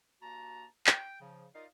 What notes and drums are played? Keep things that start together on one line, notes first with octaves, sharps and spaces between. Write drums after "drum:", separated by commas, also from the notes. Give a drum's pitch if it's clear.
G2 A#3 F#4 A5 A#5
G5, drum: clap
C#3 F3
D#4 F4 A#4 D5 D#5 F5